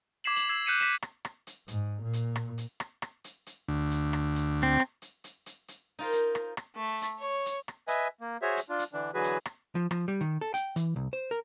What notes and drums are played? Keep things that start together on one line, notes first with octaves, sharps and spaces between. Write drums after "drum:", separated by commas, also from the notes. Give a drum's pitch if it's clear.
D6 G#6 B6 C7 E7 F#7
F#7, drum: hi-hat
E6 G#6 C7 E7 F#7
F#6 G6 B6 C#7 D#7 E7
B6 E7, drum: hi-hat
drum: rim click
drum: rim click
drum: hi-hat
G#2, drum: hi-hat
A#2
drum: hi-hat
drum: rim click
drum: hi-hat
drum: rim click
drum: rim click
drum: hi-hat
drum: hi-hat
D2
drum: hi-hat
drum: rim click
drum: hi-hat
C4
drum: rim click
drum: hi-hat
drum: hi-hat
drum: hi-hat
drum: hi-hat
D#4 F4 A#4 C5
drum: hi-hat
drum: rim click
drum: rim click
A3
drum: hi-hat
C#5
drum: hi-hat
drum: rim click
B4 D#5 E5 G#5, drum: hi-hat
A#3
F#4 G#4 C5 C#5 E5
drum: hi-hat
D4 F4
drum: hi-hat
D3 E3 D4
D3 E3 F#3 F#4 G#4 B4
drum: hi-hat
drum: rim click
F3
F3, drum: rim click
G3
D#3
A4
G5, drum: hi-hat
E3, drum: hi-hat
C2
C5
A#4